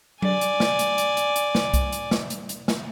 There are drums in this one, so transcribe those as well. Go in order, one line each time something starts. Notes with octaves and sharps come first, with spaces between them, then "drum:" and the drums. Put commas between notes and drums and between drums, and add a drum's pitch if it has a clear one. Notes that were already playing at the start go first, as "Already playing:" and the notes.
D5 G#5, drum: tom F#3
drum: hi-hat
drum: snare
drum: hi-hat
drum: hi-hat
drum: hi-hat
drum: hi-hat
drum: snare
drum: kick C2, hi-hat
drum: hi-hat
drum: snare
drum: hi-hat
drum: hi-hat
drum: snare